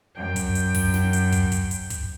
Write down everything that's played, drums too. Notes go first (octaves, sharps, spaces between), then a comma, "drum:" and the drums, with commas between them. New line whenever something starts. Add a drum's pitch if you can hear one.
F#2 G5
drum: kick, hi-hat
drum: hi-hat
drum: kick, open hi-hat
drum: snare
drum: hi-hat
drum: kick, hi-hat
drum: kick, hi-hat
drum: hi-hat
drum: kick, hi-hat